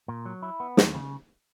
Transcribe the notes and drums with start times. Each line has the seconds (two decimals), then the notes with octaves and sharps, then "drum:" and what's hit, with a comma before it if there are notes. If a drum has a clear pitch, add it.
0.08 A#2
0.26 F#3
0.43 E4
0.60 B3
0.77 D#2, drum: snare
0.94 C#3